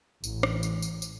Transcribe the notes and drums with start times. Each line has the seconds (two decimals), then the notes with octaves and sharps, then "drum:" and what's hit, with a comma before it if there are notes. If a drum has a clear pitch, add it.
0.24 A1, drum: tambourine
0.43 drum: rim click
0.63 drum: tambourine
0.82 drum: tambourine
1.02 drum: tambourine